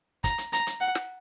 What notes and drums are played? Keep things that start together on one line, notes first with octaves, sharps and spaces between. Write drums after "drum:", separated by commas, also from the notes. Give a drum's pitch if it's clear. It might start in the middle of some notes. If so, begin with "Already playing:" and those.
A#5, drum: kick, hi-hat
drum: hi-hat
A#5, drum: hi-hat
drum: hi-hat
F#5
drum: snare